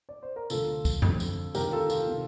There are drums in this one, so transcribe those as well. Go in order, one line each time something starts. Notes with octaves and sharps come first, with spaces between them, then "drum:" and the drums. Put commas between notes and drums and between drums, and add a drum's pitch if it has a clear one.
D5
C5
A#4
D2 D3 F4 A4, drum: tambourine
drum: kick, tambourine
F2 D3, drum: tom F#2
drum: tambourine
D2 C3 D#3 G4 A#4, drum: tambourine
F4 A4
F4 A4, drum: tambourine
C3 D#3